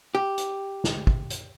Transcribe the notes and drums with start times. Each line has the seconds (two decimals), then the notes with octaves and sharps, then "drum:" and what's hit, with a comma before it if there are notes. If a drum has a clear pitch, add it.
0.15 G4
0.38 drum: hi-hat
0.84 drum: snare
1.07 drum: kick
1.30 drum: hi-hat